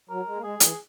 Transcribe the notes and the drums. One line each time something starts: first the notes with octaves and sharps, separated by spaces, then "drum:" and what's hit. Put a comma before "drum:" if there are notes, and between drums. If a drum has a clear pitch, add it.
F#3 A#4
G#3
A#3
G#3 G#4
E3, drum: hi-hat